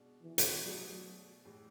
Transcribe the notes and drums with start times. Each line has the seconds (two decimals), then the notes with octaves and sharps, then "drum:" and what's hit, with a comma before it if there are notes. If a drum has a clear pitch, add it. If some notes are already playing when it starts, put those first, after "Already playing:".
Already playing: B2 G#3 D4
0.23 E3
0.38 drum: hi-hat
0.63 B2 F#3 A3 D4 G#4
1.45 A2 E3 G#3